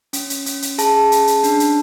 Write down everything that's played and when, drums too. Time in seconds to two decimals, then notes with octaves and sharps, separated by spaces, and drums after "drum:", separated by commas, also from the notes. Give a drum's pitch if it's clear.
0.13 C#4, drum: hi-hat
0.30 drum: hi-hat
0.46 C#4, drum: hi-hat
0.62 drum: hi-hat
0.78 G#4 A5, drum: hi-hat
1.12 C#4, drum: hi-hat
1.27 drum: hi-hat
1.43 D4, drum: hi-hat
1.60 drum: hi-hat